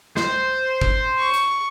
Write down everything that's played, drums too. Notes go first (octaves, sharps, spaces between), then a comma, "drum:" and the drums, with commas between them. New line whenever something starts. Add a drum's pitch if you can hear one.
C5, drum: snare
drum: kick
C#6
drum: tambourine